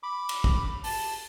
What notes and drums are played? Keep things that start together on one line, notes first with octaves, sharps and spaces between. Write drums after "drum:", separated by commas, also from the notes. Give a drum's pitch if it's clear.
B5 D6
drum: cymbal
drum: kick
A5, drum: open hi-hat